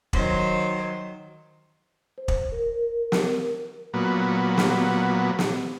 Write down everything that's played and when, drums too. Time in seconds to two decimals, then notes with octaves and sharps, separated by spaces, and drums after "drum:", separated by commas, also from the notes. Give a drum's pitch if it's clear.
0.13 D#3 F#3 C5, drum: kick
2.18 C5
2.28 drum: kick
2.52 A#4
3.12 drum: snare
3.94 A#2 F#3 B3
4.57 drum: snare
5.39 drum: snare